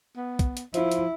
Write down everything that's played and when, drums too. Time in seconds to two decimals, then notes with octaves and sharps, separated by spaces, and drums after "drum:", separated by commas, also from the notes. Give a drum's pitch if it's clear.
0.16 B3
0.39 drum: kick, hi-hat
0.57 drum: hi-hat
0.74 F3 E4, drum: hi-hat
0.91 drum: hi-hat